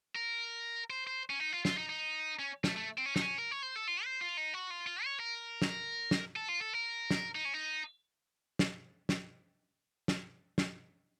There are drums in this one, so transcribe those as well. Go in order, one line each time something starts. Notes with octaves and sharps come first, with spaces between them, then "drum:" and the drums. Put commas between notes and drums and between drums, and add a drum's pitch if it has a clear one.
A#4
C5
C5
C#4
D#4
F4
F4, drum: snare
D#4
D#4
C#4
A3, drum: snare
A3
C4
C#4
D#4, drum: snare
C#4
A#4
C#5
C5
A4
F4
C5
F4
D#4
F#4
F4
F4
C#5
A#4
drum: snare
drum: snare
A4
F4
A4
A#4
drum: snare
D#4
C#4
D#4
drum: snare
drum: snare
drum: snare
drum: snare